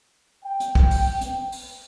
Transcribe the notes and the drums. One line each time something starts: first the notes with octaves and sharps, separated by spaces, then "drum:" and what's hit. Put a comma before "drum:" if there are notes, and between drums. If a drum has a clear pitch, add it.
G5
drum: hi-hat
drum: kick
drum: open hi-hat
drum: hi-hat
drum: open hi-hat